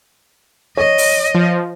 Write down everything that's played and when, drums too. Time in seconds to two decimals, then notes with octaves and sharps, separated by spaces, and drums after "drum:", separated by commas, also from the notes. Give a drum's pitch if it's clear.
0.77 C#5 D#5
0.98 drum: open hi-hat
1.34 F3